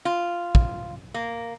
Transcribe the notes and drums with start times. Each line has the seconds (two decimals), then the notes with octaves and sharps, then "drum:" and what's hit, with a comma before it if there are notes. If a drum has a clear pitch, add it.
0.05 F4
0.55 drum: kick
1.14 A#3